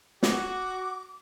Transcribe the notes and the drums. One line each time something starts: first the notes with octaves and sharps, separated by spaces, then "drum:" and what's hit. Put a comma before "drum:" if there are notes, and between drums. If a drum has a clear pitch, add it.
F#4 D6, drum: snare